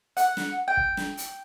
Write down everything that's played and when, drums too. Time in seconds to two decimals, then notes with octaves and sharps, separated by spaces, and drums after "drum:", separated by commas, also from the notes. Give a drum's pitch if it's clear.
0.17 F#5, drum: hi-hat
0.37 drum: snare
0.68 G5
0.77 drum: kick
0.97 drum: snare
1.17 drum: hi-hat